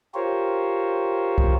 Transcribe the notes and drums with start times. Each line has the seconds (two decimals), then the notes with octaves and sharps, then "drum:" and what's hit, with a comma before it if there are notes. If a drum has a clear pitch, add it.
0.14 F4 G4 A#4 C5 C#5
1.38 drum: kick